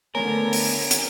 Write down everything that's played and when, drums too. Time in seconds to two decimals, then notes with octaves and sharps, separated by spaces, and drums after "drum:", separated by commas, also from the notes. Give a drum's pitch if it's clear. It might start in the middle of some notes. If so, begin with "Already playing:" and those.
0.15 D3 A3 B3 A#4 C#5 G#5
0.53 drum: open hi-hat
0.91 drum: hi-hat